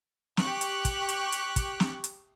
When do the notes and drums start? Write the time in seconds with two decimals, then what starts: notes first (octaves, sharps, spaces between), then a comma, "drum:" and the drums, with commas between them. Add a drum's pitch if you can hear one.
0.37 G4 C#6 F#6, drum: snare
0.61 drum: hi-hat
0.85 drum: kick, hi-hat
1.09 drum: hi-hat
1.32 drum: hi-hat
1.56 drum: kick, hi-hat
1.80 drum: snare
2.04 drum: hi-hat